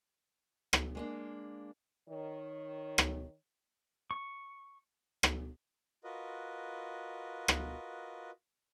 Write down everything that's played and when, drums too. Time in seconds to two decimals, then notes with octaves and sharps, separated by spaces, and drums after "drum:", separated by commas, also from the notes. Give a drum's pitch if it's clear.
0.73 drum: rim click
0.95 G#3 A#3 D4
2.09 D#3 C#5
2.98 drum: rim click
4.11 C#6
5.23 drum: rim click
6.04 F4 F#4 A#4 B4 D#5
7.48 drum: rim click